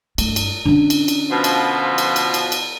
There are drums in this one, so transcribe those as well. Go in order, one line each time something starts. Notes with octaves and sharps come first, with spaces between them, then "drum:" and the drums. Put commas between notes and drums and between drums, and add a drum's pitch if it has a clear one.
G2 A3, drum: cymbal
drum: cymbal
D3 C#4
drum: cymbal
drum: cymbal
B2 F3
drum: cymbal
drum: cymbal
drum: cymbal
drum: cymbal
drum: cymbal